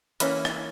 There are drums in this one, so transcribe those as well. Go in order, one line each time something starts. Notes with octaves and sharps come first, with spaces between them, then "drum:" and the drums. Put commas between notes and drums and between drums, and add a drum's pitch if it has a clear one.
E3 A#3 C#4 E4, drum: hi-hat
drum: rim click